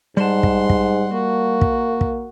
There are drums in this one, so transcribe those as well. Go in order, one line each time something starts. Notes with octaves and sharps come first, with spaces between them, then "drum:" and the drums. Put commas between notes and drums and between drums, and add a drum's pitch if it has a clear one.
G#2 G3 F#5 A5 C6
drum: kick
drum: kick
A#3 F#4
drum: kick
drum: kick